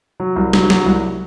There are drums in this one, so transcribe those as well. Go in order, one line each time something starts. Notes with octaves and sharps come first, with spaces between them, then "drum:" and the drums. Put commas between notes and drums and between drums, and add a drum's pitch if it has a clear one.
F#3
C2
F#3, drum: snare
F#3, drum: snare
C2